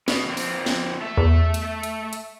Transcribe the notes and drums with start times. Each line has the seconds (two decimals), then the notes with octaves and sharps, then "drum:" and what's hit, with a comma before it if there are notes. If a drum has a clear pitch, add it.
0.08 B2, drum: snare
0.26 F2 A#3 C4
0.37 drum: open hi-hat
0.66 drum: snare
1.00 A3 E5
1.17 E2
1.54 drum: hi-hat
1.83 drum: hi-hat
2.13 drum: hi-hat